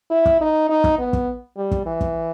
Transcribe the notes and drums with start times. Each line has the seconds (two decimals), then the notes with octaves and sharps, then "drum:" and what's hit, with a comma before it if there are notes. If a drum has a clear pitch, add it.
0.11 E4
0.26 drum: kick
0.41 D#4
0.69 D#4
0.84 drum: kick
0.99 B3
1.13 drum: kick
1.57 G3
1.72 drum: kick
1.86 E3
2.01 drum: kick